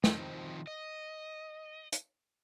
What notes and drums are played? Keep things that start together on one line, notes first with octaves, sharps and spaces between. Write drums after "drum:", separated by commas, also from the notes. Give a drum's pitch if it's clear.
D#3 F3 C4, drum: snare
D#5
drum: hi-hat